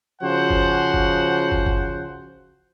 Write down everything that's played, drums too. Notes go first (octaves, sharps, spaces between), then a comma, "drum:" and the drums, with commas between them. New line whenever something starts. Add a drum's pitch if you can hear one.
C#3 F3 F#4 C5 F#5
drum: kick
drum: kick
drum: kick
drum: kick